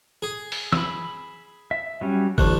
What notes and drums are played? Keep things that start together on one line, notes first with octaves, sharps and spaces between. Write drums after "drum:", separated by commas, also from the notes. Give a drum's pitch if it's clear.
G#4
drum: open hi-hat
B5 E6, drum: snare
E5
F#3 G3 C#4
A1 D2 A3 F#6, drum: kick